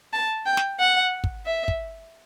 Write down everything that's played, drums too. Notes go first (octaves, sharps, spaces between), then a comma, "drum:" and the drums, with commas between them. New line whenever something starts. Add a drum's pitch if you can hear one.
A5
G5
drum: snare
F#5
drum: kick
E5
drum: kick